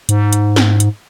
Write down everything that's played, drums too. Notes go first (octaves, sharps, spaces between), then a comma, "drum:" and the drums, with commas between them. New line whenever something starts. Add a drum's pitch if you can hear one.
G#2, drum: hi-hat
drum: hi-hat
drum: snare
drum: hi-hat